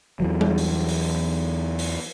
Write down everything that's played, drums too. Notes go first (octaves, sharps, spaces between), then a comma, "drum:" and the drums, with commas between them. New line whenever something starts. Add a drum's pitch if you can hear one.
E2 E3 F#3
drum: tom G3
drum: open hi-hat
drum: open hi-hat
drum: open hi-hat